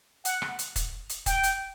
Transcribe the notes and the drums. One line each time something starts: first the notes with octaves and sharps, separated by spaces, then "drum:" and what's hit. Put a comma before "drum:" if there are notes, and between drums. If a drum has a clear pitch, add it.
F#5, drum: hi-hat
drum: rim click
drum: hi-hat
drum: kick, hi-hat
drum: hi-hat
G5, drum: kick, hi-hat
drum: hi-hat